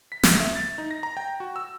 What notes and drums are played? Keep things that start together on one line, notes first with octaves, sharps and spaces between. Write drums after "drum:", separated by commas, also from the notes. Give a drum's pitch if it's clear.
B6
C#2, drum: snare
E5
A6
D#4
A#6
A#5
G5
F#4
E6